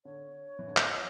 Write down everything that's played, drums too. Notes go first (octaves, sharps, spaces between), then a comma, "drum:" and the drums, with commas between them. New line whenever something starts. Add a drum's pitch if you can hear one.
D3 C#5
E3
D3
E3, drum: clap